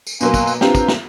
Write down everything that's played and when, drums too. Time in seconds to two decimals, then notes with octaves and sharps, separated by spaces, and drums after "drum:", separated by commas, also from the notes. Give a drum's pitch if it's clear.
0.07 drum: tambourine
0.21 B2 F#3 A#3 F5 G#5 C6, drum: tambourine
0.34 drum: kick, tambourine
0.47 drum: tambourine
0.61 C4 D4 F4 G4 B4 A#5, drum: snare
0.75 drum: kick, tambourine
0.88 drum: snare